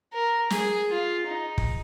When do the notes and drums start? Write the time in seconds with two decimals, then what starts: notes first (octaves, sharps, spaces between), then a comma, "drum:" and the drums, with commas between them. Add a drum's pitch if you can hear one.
0.13 A#4
0.50 G#4, drum: snare
0.90 F4
1.27 D#4
1.58 drum: kick